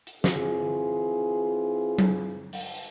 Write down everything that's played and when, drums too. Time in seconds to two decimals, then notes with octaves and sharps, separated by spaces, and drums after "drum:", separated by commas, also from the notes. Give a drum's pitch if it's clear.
0.07 drum: hi-hat
0.24 E3 C4 F4 G#4, drum: snare
1.98 drum: tom F#3
2.53 drum: open hi-hat